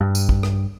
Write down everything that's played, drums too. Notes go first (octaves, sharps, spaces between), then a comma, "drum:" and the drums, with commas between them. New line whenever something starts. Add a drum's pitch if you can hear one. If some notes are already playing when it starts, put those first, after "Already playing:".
G2
drum: tambourine
drum: kick
drum: rim click